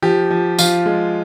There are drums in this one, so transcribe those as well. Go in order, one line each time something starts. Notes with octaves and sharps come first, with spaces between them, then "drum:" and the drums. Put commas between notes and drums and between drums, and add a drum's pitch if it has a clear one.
F3 G4
F3
F3 F4, drum: tambourine
G#3